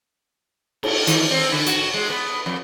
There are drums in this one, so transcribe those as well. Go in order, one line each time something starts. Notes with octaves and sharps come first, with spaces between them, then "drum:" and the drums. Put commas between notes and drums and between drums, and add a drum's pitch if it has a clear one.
drum: cymbal
D#3, drum: hi-hat
C4
D3
F#4, drum: hi-hat
G#3
B3
F2